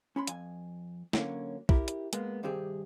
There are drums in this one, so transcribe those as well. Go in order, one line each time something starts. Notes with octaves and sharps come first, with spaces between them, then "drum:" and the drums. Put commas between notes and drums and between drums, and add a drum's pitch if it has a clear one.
C#4 B5 C6
F2 G#5, drum: hi-hat
D3 F#3 A#3 C#4, drum: snare
E4 G4 A#4, drum: kick
drum: hi-hat
G#3 A#3 B3, drum: hi-hat
G2 C3 D#3 C4 G4 G#4